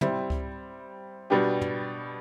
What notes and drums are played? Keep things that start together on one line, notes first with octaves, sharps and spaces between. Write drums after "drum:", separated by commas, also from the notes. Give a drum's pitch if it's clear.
G3 C4 E4, drum: tom
drum: kick C#2
B2 G3 B3 D4 G4
drum: tom